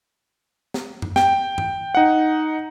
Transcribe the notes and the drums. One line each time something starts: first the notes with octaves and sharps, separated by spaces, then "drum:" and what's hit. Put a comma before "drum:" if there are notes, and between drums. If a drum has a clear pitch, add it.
drum: snare
drum: tom F#2
G5, drum: snare
drum: tom G2
D#4 F#5